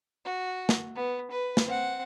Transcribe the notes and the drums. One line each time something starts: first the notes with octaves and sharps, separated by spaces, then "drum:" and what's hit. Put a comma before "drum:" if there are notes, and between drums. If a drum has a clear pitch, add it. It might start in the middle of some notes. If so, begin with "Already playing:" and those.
F#4
drum: snare
B3
B4
drum: snare
C4 F#5